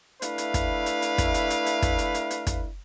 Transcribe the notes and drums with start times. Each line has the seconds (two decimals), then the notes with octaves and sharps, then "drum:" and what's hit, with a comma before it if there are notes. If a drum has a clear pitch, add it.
0.22 A3 D4 E4 B4 F5, drum: hi-hat
0.38 drum: hi-hat
0.54 drum: kick, hi-hat
0.86 drum: hi-hat
1.02 drum: hi-hat
1.18 drum: kick, hi-hat
1.34 drum: hi-hat
1.50 drum: hi-hat
1.66 drum: hi-hat
1.82 drum: kick, hi-hat
1.98 drum: hi-hat
2.14 drum: hi-hat
2.31 drum: hi-hat
2.47 drum: kick, hi-hat